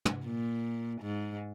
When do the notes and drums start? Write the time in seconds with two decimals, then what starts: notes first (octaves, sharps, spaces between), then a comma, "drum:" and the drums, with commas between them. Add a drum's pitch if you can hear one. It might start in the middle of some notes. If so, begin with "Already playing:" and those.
0.05 drum: tom
0.25 A#2
1.01 G#2